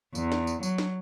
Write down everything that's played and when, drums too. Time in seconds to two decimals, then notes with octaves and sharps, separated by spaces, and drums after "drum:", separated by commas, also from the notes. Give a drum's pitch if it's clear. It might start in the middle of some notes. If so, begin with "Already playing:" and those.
0.15 E2, drum: tambourine
0.32 drum: snare
0.47 drum: tambourine
0.63 F#3, drum: tambourine
0.78 drum: snare